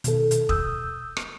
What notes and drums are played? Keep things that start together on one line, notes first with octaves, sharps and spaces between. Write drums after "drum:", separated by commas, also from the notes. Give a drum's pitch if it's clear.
B2 D#3 A4, drum: hi-hat
drum: hi-hat
D#6 E6 G6, drum: kick E1
drum: rim click